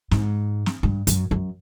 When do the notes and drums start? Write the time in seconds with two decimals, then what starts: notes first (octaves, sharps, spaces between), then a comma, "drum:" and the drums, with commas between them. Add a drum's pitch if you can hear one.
0.11 G#2, drum: snare
0.66 drum: snare
0.83 G2
1.07 F#2, drum: hi-hat
1.31 F#2